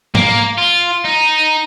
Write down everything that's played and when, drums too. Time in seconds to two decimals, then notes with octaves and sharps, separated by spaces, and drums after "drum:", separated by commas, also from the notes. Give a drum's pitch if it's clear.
0.15 A#3, drum: tom G#2
0.58 F4
1.05 D#4